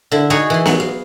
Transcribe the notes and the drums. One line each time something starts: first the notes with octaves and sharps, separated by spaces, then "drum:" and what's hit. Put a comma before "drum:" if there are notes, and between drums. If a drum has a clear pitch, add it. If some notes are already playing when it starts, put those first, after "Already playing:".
D3 E4
D#4 F#4 G#4 C#5
E3 C6
F#3 B3, drum: snare B3
F5